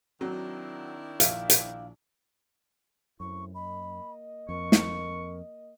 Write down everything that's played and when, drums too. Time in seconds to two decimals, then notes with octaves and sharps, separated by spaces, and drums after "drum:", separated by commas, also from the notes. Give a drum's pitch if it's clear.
0.21 D#3 F#3 C4 D4 E4
1.20 A#1 E5 F5, drum: hi-hat
1.50 drum: hi-hat
3.20 F#2 A3 C4 E4 C#6
3.55 A#3 D#5 B5
4.49 F2 A#4 C#6
4.72 drum: snare